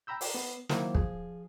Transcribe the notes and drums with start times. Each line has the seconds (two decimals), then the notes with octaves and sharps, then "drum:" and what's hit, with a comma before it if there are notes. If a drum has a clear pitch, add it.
0.07 G5 A#5 B5 E6 G6
0.21 D5 A#5, drum: open hi-hat
0.34 B3
0.69 D#3 F#3 A#3 E4 C5, drum: snare
0.95 F3 G#4, drum: kick